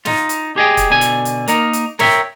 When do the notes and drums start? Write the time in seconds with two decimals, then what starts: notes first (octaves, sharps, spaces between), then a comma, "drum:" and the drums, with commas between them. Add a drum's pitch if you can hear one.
0.05 D#4 F4, drum: snare
0.29 drum: hi-hat
0.56 G4 G#4 D#5 G5
0.77 drum: kick C#1, hi-hat
0.90 B2 D3 G#5
1.01 drum: hi-hat
1.25 drum: hi-hat
1.48 A#3 D#4 A#4, drum: hi-hat
1.73 drum: hi-hat
1.99 A#4 C#5 E5 F5 G5, drum: snare